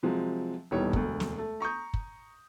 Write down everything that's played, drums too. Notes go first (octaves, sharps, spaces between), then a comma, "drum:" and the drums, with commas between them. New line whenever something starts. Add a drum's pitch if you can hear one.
C3 F3 F#3 G#3
D#1 B2 D#3 E3 G3 C#5
E1 D2, drum: kick
drum: snare
A3
A#5 C#6 D#6 G6
drum: kick